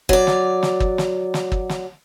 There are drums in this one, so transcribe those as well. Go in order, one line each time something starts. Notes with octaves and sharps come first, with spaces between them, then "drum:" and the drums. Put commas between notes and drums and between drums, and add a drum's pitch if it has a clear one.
F#3 D5, drum: kick
drum: snare
drum: snare
drum: kick
drum: snare
drum: snare
drum: kick
drum: snare